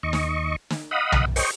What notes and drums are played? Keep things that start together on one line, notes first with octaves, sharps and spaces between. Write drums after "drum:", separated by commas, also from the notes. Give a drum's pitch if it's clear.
D#2 D#5 C#6
drum: snare
drum: snare
D#5 F5 F#5 B5 D#6
drum: tom B1
C5 C#5 D#5 G5 C#6, drum: open hi-hat